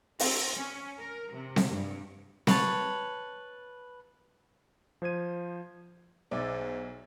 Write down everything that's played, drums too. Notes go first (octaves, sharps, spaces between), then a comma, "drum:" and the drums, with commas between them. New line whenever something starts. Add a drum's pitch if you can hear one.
C4, drum: open hi-hat
C#4
A#4
C3
drum: snare C4
G2
B4 C#5 A5, drum: snare C4
F3 C5 G#6 D#7
B1 G#2 D5 E5